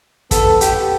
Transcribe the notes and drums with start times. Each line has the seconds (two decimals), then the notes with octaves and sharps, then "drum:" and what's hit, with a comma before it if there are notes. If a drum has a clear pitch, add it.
0.31 B3 A4, drum: kick, hi-hat
0.61 G4, drum: hi-hat